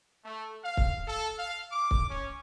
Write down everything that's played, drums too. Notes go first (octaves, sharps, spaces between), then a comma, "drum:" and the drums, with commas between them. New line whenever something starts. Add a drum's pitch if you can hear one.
A3
F5
drum: kick C#1
A4
F5
D6
drum: kick C#1
C#4